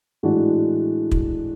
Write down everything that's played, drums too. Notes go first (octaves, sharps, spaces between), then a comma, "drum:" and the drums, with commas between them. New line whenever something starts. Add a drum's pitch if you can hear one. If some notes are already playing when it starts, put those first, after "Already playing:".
A2 E3 G#3 D4 F#4
drum: kick